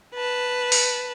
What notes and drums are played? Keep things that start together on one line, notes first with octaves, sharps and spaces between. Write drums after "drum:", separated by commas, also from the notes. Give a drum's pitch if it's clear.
B4 A5
drum: open hi-hat